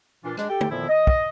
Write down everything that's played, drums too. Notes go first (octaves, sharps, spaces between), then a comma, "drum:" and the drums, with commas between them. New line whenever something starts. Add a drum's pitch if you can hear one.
A#2 E3 D4 F4
G#3 D4, drum: rim click
G4 A4 G5
drum: tom
F2 A#2 D#3 F3 B3 E4
D#5
drum: kick